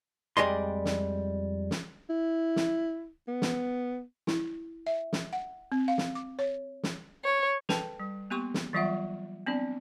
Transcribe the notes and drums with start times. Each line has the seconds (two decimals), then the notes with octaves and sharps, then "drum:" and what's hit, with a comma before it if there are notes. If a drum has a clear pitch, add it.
0.37 F2 G3 G#3 D5 D#5 C6
0.85 drum: snare
1.71 drum: snare
2.10 E4
2.56 drum: snare
3.28 B3
3.42 drum: snare
4.27 E4, drum: snare
4.86 E5
5.13 drum: snare
5.33 F#5
5.72 C4
5.88 F5
5.98 drum: snare
6.15 D6
6.39 C#5
6.83 drum: snare
7.25 C#5
7.69 A4 B4 G5 A5, drum: snare
8.00 G3
8.30 A#3 B3 G4 C6 C#6
8.54 drum: snare
8.73 E3 F#3 G3 F4 E5 F#5
9.46 B3 C4 D4 D5